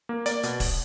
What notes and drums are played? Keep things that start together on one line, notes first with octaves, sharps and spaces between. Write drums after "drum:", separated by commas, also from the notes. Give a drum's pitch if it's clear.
A#3
A#3 D5, drum: hi-hat
B2, drum: hi-hat
drum: kick, open hi-hat